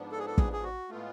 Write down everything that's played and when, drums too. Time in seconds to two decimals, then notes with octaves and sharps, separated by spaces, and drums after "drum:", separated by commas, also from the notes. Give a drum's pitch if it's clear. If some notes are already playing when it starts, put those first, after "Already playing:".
Already playing: G#2 F3 B3 D4
0.12 A4
0.19 G#4
0.27 A4
0.38 G#4, drum: kick
0.53 G#4
0.63 F#4
0.90 A2 G#3 A3 B3 F4